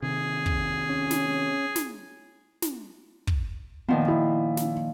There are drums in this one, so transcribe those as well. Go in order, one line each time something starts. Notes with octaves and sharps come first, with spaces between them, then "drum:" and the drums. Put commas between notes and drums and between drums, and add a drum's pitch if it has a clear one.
C3 D#3 G#4
drum: kick
C#4
drum: snare
drum: snare
drum: snare
drum: kick
A#2 D#3 F3 B3
E4
drum: snare